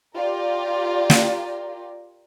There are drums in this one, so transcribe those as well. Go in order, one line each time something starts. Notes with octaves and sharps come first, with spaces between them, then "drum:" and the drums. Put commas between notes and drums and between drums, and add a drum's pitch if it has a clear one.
F4 G4 A#4 D5
drum: snare